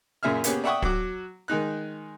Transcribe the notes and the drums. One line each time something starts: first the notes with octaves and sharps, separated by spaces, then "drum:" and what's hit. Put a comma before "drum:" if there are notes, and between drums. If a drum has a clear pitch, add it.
F#2 A#2 G#4 E5 F6
A#3 B3 C#4 G4 G#4 B4, drum: hi-hat
D5 E5 F#5 G5 C#6 D#6
F#3 F#4 D6, drum: kick
D#3 G#3 D#4 F#6